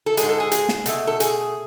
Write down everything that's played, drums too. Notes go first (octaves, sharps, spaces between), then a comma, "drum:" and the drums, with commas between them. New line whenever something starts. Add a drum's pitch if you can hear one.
A4
G#2 G#3 G#4, drum: hi-hat
A4
G#4
G#4, drum: hi-hat
drum: snare
B2 A3, drum: hi-hat
A4
G#4, drum: hi-hat